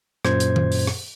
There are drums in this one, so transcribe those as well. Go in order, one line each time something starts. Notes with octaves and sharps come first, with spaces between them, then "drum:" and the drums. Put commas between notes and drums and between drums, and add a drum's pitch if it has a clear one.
F#2 A#2 C5 G#6, drum: rim click
drum: hi-hat
drum: tom
drum: open hi-hat
drum: rim click